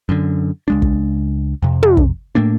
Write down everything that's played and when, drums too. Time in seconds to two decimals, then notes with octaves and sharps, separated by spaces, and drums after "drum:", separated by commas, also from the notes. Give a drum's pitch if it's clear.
0.09 F#2 D3
0.68 C#2 G#3 D4
0.82 drum: kick
1.62 F2 C3
1.83 drum: tom
1.97 drum: kick
2.35 A2 A3 A#3 D4